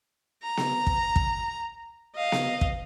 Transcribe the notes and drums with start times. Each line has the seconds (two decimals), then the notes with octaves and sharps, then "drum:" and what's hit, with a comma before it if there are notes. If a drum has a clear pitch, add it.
0.43 A#5
0.57 drum: snare B3
0.87 drum: kick
1.16 drum: kick
2.16 D#5 F5
2.32 drum: snare B3
2.61 drum: kick